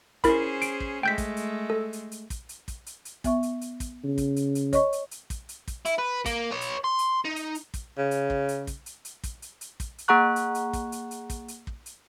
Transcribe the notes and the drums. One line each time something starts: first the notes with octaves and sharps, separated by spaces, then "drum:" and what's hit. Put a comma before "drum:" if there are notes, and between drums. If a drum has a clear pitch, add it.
C#4 E4 G#4 A#4 C5 B5, drum: kick, hi-hat
D7, drum: hi-hat
drum: kick
G#3 A3 G5 G6 B6
drum: kick, hi-hat
drum: hi-hat
A4
drum: hi-hat
drum: hi-hat
drum: kick, hi-hat
drum: hi-hat
drum: kick, hi-hat
drum: hi-hat
drum: hi-hat
B3 E5 C#6, drum: kick, hi-hat
drum: hi-hat
drum: hi-hat
drum: kick, hi-hat
C#3
drum: kick, hi-hat
drum: hi-hat
drum: hi-hat
C#5 D#5 C#6, drum: kick, hi-hat
drum: hi-hat
drum: hi-hat
drum: kick, hi-hat
drum: hi-hat
drum: kick, hi-hat
E4, drum: hi-hat
B4
A#3, drum: kick, hi-hat
B4 C#5
drum: hi-hat
C6
drum: hi-hat
D#4
drum: hi-hat
drum: hi-hat
drum: kick, hi-hat
C#3
drum: hi-hat
drum: kick
drum: hi-hat
drum: kick, hi-hat
drum: hi-hat
drum: hi-hat
drum: kick, hi-hat
drum: hi-hat
drum: hi-hat
drum: kick, hi-hat
drum: hi-hat
A#3 G#4 F#5 A#5 C#6 F#6
drum: hi-hat
drum: hi-hat
drum: kick, hi-hat
drum: hi-hat
drum: hi-hat
drum: kick, hi-hat
drum: hi-hat
drum: kick
drum: hi-hat